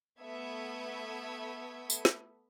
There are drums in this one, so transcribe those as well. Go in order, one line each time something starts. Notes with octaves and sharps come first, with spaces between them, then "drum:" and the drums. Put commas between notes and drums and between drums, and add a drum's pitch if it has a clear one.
A3 B3 A4 E5 G#6
drum: tambourine
drum: snare